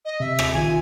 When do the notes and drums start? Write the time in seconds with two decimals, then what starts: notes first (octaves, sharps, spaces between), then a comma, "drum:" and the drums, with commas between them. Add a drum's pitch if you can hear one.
0.05 D#5
0.20 C3 E5
0.39 drum: rim click
0.53 A#1 D#3 F4 G#5